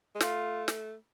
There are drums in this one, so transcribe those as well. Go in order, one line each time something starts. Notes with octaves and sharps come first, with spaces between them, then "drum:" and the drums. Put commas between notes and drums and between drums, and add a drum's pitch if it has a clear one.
G#3
A3 F4, drum: snare
drum: snare